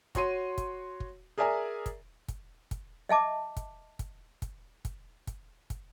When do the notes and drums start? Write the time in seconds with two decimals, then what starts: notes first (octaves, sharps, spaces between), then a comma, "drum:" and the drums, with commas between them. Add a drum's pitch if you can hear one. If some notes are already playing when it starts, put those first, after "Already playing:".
0.15 F#4 C#5 C6 D#7, drum: kick, hi-hat
0.58 drum: kick, hi-hat
1.00 drum: kick
1.38 G#4 A#4 D5 E5 G#5 A#5
1.86 drum: kick, hi-hat
2.28 drum: kick, hi-hat
2.71 drum: kick, hi-hat
3.09 D#5 E5 A5 D6
3.56 drum: kick, hi-hat
3.99 drum: kick, hi-hat
4.42 drum: kick, hi-hat
4.85 drum: kick, hi-hat
5.27 drum: kick, hi-hat
5.70 drum: kick, hi-hat